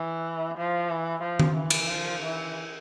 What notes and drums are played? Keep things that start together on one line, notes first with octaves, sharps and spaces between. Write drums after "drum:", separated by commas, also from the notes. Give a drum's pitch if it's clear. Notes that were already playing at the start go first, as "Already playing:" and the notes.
Already playing: E3
F3
E3
F3
drum: tom D#3
E3
drum: cymbal
F3
E3